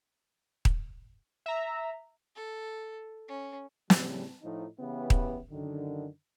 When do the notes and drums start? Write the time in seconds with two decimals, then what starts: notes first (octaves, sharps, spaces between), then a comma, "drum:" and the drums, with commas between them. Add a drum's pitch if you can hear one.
0.65 drum: kick D#1
1.46 E5 A#5
2.36 A4
3.28 C#4
3.90 A2 C#3 G3, drum: snare
4.43 A2 F3 D#4
4.79 C#3 E3 B3 E4 G4 B4
5.10 drum: kick D#1
5.51 F#2 D3 D#3